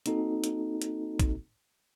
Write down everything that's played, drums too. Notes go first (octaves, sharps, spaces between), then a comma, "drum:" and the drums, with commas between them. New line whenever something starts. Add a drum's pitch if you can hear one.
A#3 C4 D#4 F#4 A4, drum: hi-hat
drum: hi-hat
drum: hi-hat
drum: kick A#1, hi-hat